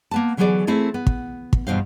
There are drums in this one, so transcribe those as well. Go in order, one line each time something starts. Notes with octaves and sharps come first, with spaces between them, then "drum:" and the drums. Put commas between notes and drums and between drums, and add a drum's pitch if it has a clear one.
A#3 B3 A5
D3 E3 F#3 B3 G#4 D5
A3 C4 E4 G#4 A4
B3
drum: kick
drum: kick
E2 G2 B2 C5 F5